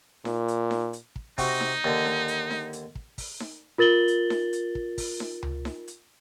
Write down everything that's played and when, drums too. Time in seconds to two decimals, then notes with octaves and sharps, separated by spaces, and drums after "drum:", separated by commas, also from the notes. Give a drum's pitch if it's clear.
0.25 A#2, drum: snare D#4
0.48 drum: hi-hat
0.71 drum: snare D#4
0.93 drum: hi-hat
1.16 drum: kick
1.38 C3 D#4 F#4, drum: kick, open hi-hat
1.61 drum: snare D#4
1.84 D#2 D3
2.06 drum: snare D#4
2.28 drum: hi-hat
2.50 drum: snare D#4
2.73 drum: hi-hat
2.95 drum: kick
3.18 drum: kick, open hi-hat
3.40 drum: snare D#4
3.78 F4 A#4 A6 F#7 G7
4.08 drum: hi-hat
4.30 drum: snare D#4
4.53 drum: hi-hat
4.75 drum: kick
4.98 drum: kick, open hi-hat
5.20 drum: snare D#4
5.43 drum: tom C#2
5.65 drum: snare D#4
5.88 drum: hi-hat